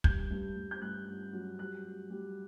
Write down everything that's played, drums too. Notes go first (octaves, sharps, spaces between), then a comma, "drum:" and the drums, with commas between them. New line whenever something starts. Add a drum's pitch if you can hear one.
G2 G6, drum: kick
G2
G2
G6
G2 F#6
G2
F#3
G3 F#6
G3
G3